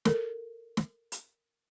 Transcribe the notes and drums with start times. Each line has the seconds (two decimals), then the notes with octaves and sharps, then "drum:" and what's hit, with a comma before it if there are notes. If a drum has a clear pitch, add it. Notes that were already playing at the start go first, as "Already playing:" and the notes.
0.05 A4 A#4, drum: snare
0.77 drum: snare
1.12 drum: hi-hat